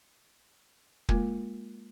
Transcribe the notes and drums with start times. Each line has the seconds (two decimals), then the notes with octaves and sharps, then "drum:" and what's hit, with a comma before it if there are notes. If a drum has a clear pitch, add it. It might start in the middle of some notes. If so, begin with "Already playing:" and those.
1.09 G#3 A#3 F4 A#4, drum: kick